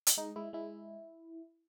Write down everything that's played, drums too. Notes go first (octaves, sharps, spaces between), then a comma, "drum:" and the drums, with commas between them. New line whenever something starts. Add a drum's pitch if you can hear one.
drum: hi-hat
G#3 D#4
G#3 E4
G#3 E4